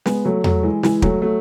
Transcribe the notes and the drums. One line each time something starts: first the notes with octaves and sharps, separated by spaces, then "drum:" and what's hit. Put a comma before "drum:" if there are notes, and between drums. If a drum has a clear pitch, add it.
G#3 B3, drum: snare
F#3 A3
F#3 A3, drum: tom E2
E3 G#3
E3 G#3, drum: snare
F#3 A3, drum: kick
F#3 A3